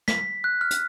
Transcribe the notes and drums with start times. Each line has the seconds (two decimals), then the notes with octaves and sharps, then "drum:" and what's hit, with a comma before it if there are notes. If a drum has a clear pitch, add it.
0.08 B6, drum: snare
0.44 F#6
0.61 F6
0.71 drum: hi-hat